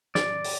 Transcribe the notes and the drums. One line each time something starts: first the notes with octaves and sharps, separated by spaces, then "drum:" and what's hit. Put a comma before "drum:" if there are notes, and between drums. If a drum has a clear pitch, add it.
D5, drum: snare
drum: open hi-hat